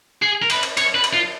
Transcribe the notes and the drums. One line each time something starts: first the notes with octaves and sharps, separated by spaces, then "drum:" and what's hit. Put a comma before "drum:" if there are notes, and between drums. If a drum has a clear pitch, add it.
G#4
A#4
B4, drum: cymbal
drum: cymbal
C#5, drum: cymbal
B4
drum: cymbal
F4